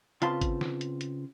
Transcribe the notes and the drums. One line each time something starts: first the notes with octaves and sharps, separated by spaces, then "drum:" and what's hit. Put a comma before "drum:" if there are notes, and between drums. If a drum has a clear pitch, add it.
C#3 C4 F4 B4 A5 C6, drum: hi-hat
drum: kick G#1, hi-hat
drum: snare
drum: hi-hat
drum: hi-hat